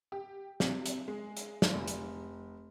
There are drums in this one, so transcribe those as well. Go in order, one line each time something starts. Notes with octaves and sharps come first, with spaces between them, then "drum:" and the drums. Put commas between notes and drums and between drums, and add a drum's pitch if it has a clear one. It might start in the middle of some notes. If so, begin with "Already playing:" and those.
G4
C3, drum: snare
drum: hi-hat
G#3
drum: hi-hat
drum: snare
F1
drum: hi-hat